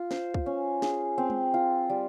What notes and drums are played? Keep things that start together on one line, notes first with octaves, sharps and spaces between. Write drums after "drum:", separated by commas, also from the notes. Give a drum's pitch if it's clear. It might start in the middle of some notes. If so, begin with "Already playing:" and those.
Already playing: F4
C5, drum: snare
drum: kick
C#4
G#4, drum: snare
C4
drum: tom G#3
F4
G3